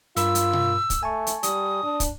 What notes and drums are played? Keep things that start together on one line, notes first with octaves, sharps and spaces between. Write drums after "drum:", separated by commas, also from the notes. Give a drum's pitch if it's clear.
G2 F4 A#4 B5 E6, drum: hi-hat
drum: hi-hat
drum: tom B2
drum: kick, hi-hat
A3 G#5 A5 C#6
drum: hi-hat
G3 D#6, drum: hi-hat
D4
drum: kick, hi-hat